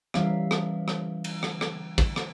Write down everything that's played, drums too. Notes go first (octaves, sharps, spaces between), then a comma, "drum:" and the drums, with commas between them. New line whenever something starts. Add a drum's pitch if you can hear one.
E3 G3 C#4 A#4 E5 F5, drum: rim click
drum: rim click
drum: rim click
drum: cymbal
drum: rim click
drum: rim click
drum: kick, cymbal
drum: rim click